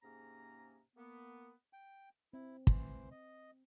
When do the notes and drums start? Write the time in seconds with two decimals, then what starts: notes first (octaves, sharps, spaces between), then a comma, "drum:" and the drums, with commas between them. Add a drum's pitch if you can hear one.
0.02 G#2 C3 A#3 C#4 G#4 A#5
0.96 A#3 B3
1.73 G5
2.33 C4 E4
2.67 E3 C5, drum: kick
3.11 D#5